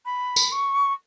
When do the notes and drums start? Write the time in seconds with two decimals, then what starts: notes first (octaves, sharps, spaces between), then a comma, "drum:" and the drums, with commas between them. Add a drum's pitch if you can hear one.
0.05 B5
0.36 drum: tambourine
0.52 C#6